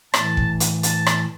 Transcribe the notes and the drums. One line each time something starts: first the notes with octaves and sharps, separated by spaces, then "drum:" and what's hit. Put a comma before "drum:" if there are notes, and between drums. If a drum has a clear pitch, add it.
A2 E3 A5, drum: rim click
drum: kick
drum: hi-hat
A5, drum: hi-hat
drum: rim click